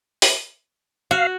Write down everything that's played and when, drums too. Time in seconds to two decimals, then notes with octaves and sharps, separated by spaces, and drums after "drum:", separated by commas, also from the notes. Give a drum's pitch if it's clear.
0.22 drum: open hi-hat
1.11 F#4 F5